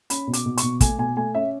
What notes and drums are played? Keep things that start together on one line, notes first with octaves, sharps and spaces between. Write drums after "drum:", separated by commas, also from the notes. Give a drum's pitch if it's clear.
C#4 B5, drum: hi-hat
B2
D6, drum: hi-hat
B2
C#6, drum: hi-hat
B2
A3 G#5, drum: kick, hi-hat
B2 G#5
A3 G#5
C#4 E5